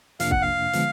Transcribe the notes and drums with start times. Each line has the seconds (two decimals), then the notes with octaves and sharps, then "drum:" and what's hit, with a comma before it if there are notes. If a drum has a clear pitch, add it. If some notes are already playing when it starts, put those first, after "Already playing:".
0.20 F2 C3 F3 A#3 D4 F5, drum: hi-hat
0.31 F#5, drum: kick
0.42 F5
0.73 D3 F3 G#3 B3, drum: hi-hat